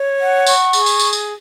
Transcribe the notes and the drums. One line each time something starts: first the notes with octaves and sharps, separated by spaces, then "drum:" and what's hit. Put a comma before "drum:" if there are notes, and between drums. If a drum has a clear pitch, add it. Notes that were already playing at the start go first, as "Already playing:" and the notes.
Already playing: C#5
F#5
C#6, drum: tambourine
G#4, drum: tambourine
drum: tambourine
drum: tambourine
drum: tambourine